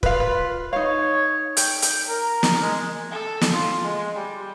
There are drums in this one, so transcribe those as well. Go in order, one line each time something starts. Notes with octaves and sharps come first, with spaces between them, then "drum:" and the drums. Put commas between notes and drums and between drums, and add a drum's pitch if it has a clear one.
F4 B4 F5, drum: kick
B4
D#4 C#5 F5
G5, drum: hi-hat
drum: hi-hat
A#4
drum: snare
G#3
A4
drum: snare
F4
G#3
G3